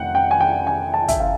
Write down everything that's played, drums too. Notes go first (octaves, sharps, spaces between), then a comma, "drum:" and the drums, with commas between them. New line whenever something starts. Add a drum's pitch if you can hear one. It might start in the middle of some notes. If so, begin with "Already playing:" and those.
Already playing: F1 F#5 G5
G5
G#5
G5
G#5
A5
E5, drum: kick, hi-hat
F5